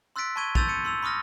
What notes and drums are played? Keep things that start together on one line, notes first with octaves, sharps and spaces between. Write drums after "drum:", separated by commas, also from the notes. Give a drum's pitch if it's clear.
C6 E6 F#6 A6 B6 D7
A5 B5 C#6 G#6 D#7 G7
C6 E6 G6 A6 D#7 F7, drum: kick
G6 C#7 D#7
C6 E6 F7
B5 C#6 D#6 F6 A#6